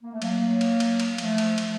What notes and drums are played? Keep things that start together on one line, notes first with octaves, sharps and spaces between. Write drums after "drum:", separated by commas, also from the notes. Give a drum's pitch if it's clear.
A#3
A3
F#3 A#3, drum: cymbal
drum: cymbal
drum: cymbal
drum: cymbal
F3 A3, drum: cymbal
drum: cymbal
F3 A3, drum: cymbal